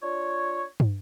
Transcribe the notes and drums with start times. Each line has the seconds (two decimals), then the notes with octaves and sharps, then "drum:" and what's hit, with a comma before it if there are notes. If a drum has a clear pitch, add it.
0.02 D4 F4 C#5
0.80 drum: tom